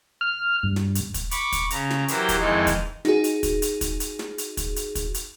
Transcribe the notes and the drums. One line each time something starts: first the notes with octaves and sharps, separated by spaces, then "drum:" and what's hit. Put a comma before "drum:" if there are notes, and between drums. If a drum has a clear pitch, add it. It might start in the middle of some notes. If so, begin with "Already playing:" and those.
F6
G2
drum: snare
drum: hi-hat
drum: kick, hi-hat
B5 C#6 D6, drum: hi-hat
drum: kick, hi-hat
C#3 A#5, drum: hi-hat
drum: snare
E3 F#3 G4 A#4 C5, drum: hi-hat
drum: kick, hi-hat
F2 D#3 E3 G#3 D#4
drum: kick, hi-hat
D#4 F#4 G#4, drum: snare
drum: hi-hat
drum: kick, hi-hat
drum: hi-hat
drum: kick, hi-hat
drum: hi-hat
drum: snare
drum: hi-hat
drum: kick, hi-hat
drum: hi-hat
drum: kick, hi-hat
drum: hi-hat